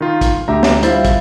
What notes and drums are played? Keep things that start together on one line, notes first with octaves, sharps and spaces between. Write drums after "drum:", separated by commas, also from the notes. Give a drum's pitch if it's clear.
D#3 D#4 F4
drum: kick, hi-hat
D2 G4 E5 A#5
drum: snare
G3 E4 F4 C5 A6, drum: hi-hat
drum: kick, hi-hat